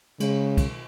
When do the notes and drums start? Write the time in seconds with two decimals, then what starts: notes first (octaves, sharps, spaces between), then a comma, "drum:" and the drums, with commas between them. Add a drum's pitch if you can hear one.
0.20 C#3 G#3, drum: cymbal
0.57 drum: kick, cymbal